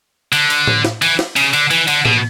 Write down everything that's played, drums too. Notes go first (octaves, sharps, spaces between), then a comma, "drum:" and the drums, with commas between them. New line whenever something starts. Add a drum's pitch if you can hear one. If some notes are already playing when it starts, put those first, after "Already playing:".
D3, drum: cymbal
drum: cymbal
drum: tom A2
drum: snare
E3, drum: cymbal
drum: snare
C#3, drum: cymbal
D3, drum: cymbal
E3, drum: cymbal
D3, drum: cymbal
B2, drum: tom A2